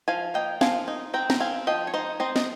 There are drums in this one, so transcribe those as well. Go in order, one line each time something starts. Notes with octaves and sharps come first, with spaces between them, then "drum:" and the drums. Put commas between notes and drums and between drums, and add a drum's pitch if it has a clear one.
F3 F5 G#5
A#3 D#5 G5
F3 F5 G#5, drum: snare
D#4
C4 G5 A#5
A#5, drum: snare
C4 F5 G#5
F3 D#5 G5
C#5
D#4 C5 D#5
C4 C5 D#5
D#5, drum: snare